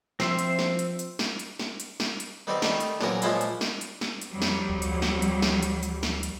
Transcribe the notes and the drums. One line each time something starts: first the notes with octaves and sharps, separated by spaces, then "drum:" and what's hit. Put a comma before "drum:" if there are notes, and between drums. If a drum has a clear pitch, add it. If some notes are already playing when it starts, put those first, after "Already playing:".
F3 C4 C5 E5, drum: snare
drum: hi-hat
drum: snare
drum: hi-hat
drum: hi-hat
drum: snare
drum: hi-hat
drum: snare
drum: hi-hat
drum: snare
drum: hi-hat
D#3 G3 B3 C4 G4
D#3 G3 A3 A5 C#6, drum: snare
drum: hi-hat
A#1 F#2 E3 B3 A#4, drum: snare
A#2 F3 G#3 C#4 E4 F4, drum: hi-hat
drum: hi-hat
drum: snare
drum: hi-hat
drum: snare
drum: hi-hat
F2 F#3 G3
drum: snare
D2
drum: hi-hat
drum: snare
drum: hi-hat
drum: snare
drum: hi-hat
drum: hi-hat
drum: snare
drum: hi-hat